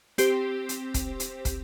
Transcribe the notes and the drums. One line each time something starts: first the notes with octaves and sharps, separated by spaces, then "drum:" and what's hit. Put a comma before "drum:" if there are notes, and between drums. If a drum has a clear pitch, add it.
C4 G4 C5, drum: hi-hat
drum: hi-hat
drum: kick, hi-hat
drum: hi-hat
drum: kick, hi-hat